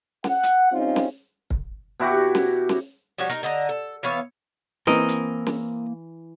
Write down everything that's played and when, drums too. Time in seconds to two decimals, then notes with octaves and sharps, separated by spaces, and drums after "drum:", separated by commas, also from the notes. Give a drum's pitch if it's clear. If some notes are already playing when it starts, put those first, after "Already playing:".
0.24 F#5, drum: snare
0.43 drum: hi-hat
0.73 G3 C4 C#4 D#4 F4
0.96 drum: snare
1.50 drum: kick
2.00 B2 E4 F#4 G4
2.35 drum: snare
2.69 drum: snare
3.18 F3 G3 F#4 C#5
3.30 D#4 A#4, drum: hi-hat
3.43 D3 D#5 A#5
3.69 A4
4.03 E3 B3 C#5 F5
4.87 E3 A#3 C4 A#4 D#5, drum: snare
5.09 drum: hi-hat
5.47 drum: snare